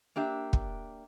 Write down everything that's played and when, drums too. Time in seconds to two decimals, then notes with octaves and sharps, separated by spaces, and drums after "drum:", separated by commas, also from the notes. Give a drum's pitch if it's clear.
0.16 A#3 D4 G4 E5
0.53 drum: kick